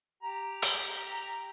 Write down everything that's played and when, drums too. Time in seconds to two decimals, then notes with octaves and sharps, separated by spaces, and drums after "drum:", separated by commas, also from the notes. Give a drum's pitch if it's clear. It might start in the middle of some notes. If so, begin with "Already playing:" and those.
0.23 G4 A#5
0.62 drum: hi-hat